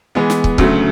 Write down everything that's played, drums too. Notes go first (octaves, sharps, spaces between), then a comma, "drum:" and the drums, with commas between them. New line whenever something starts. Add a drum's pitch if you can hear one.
E3 G#3 B3
drum: snare
drum: kick
D2 C#3 F#3 A3, drum: kick